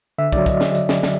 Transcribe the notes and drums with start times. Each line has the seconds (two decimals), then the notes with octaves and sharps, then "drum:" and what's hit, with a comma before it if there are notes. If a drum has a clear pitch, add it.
0.18 D3 E5
0.33 F#3 D5, drum: kick
0.46 D#5, drum: kick, hi-hat
0.61 drum: snare
0.75 drum: hi-hat
0.89 drum: snare
1.03 drum: snare